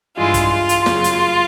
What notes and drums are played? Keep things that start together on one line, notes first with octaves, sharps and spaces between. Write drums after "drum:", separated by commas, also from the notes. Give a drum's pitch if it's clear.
G2 E3 G#3 F4
drum: kick, hi-hat
F4
drum: hi-hat
F#2 C#3 F#3 F4, drum: snare
drum: hi-hat